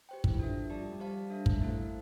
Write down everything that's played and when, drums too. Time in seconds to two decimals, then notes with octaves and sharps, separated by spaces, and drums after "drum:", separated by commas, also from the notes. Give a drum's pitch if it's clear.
0.09 G4 C5 G5
0.24 E3, drum: kick
0.39 F3 D4 A4 E5
0.70 G3 G4 D5 A5
0.81 F3
0.92 G3
1.00 G4 C5 F5 A5
1.30 D4 A4 E5 A5
1.46 drum: kick
1.60 A3 A#3 E4 A4 C5 F5